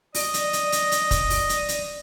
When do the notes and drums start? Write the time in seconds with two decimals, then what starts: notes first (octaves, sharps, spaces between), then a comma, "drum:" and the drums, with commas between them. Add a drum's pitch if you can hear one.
0.15 D5 D#5, drum: open hi-hat
0.34 drum: hi-hat
0.53 drum: hi-hat
0.72 drum: hi-hat
0.92 drum: hi-hat
1.11 drum: kick, hi-hat
1.30 drum: open hi-hat
1.49 drum: hi-hat
1.69 drum: hi-hat